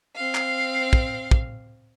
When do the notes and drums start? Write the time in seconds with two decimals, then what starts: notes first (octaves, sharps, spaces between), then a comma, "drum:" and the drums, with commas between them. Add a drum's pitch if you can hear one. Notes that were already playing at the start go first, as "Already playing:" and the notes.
0.15 C4 F5
0.35 drum: clap
0.93 drum: kick
1.31 drum: kick